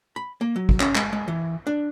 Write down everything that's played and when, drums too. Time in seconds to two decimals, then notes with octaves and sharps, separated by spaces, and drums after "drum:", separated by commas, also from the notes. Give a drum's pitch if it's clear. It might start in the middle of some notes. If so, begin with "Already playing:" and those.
0.16 B5
0.41 A#3
0.56 F#3
0.69 drum: kick
0.80 C#4, drum: clap
0.95 G#3, drum: clap
1.13 G#3
1.28 E3
1.67 D4